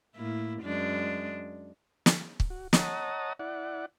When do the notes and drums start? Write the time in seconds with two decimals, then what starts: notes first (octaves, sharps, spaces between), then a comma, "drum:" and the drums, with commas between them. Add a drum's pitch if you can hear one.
0.17 A2 A#3 E4
0.62 F#2 G#3 D4
2.06 drum: snare
2.40 drum: kick
2.50 F#4
2.73 C#5 D#5 F#5 A5 A#5 D#6, drum: snare
3.39 E4 D5 F#5